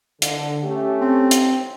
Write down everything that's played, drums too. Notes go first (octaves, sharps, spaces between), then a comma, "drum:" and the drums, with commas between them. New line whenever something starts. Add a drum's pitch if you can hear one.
D3, drum: hi-hat
A3 C#4 G4
C4
drum: hi-hat